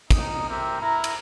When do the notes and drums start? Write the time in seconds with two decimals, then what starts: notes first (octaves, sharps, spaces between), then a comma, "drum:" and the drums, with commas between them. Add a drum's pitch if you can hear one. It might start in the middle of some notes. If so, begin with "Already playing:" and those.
0.11 D#4, drum: kick, cymbal
0.48 C4 G4 A#4 E5 A#5
0.80 E4 A#4 A#5
1.04 drum: cymbal